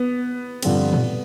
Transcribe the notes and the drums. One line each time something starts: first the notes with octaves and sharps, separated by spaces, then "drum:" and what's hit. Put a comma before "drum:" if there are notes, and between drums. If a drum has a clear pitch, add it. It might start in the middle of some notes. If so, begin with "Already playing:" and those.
Already playing: B3
G2 D3 F3 C4, drum: cymbal
drum: tom A#2